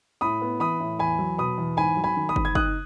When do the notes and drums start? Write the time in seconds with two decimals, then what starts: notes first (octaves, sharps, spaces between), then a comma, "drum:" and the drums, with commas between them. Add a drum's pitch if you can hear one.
0.21 A2 B5 D#6
0.41 B3
0.60 E3 B5 D#6
0.80 A2
0.99 E2 G#5 B5
1.19 F#3
1.38 B2 B5 D#6
1.58 E2
1.77 G#2 G#5 B5
1.97 F#3
2.04 G#5 B5
2.17 D#3
2.29 B5 D#6
2.36 G#2, drum: kick
2.45 G#6
2.55 D#4 D#6 F#6, drum: kick